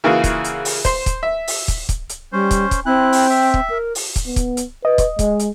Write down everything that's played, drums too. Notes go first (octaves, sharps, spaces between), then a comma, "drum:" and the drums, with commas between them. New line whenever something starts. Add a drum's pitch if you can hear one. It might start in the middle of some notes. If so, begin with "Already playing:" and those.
C#3 E3 A#3 F4 F#4 G#4
drum: kick, hi-hat
drum: hi-hat
drum: open hi-hat
C5 C6, drum: kick, hi-hat
drum: kick, hi-hat
E5
drum: open hi-hat
drum: kick, hi-hat
drum: kick, hi-hat
drum: hi-hat
G3 C#4 C5
drum: kick, hi-hat
drum: kick, hi-hat
C4 E4 G5 F#6
drum: open hi-hat
E5
drum: kick
A#4
drum: open hi-hat
drum: kick, hi-hat
B3
drum: kick, hi-hat
drum: hi-hat
B4 D#5
drum: kick, hi-hat
G#3, drum: kick, hi-hat
drum: hi-hat